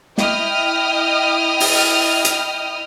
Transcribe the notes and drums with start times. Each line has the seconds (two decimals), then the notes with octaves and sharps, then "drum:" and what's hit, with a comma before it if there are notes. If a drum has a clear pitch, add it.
0.18 E4 D#5 G5 D#6 F6, drum: snare
1.60 drum: open hi-hat
2.25 drum: hi-hat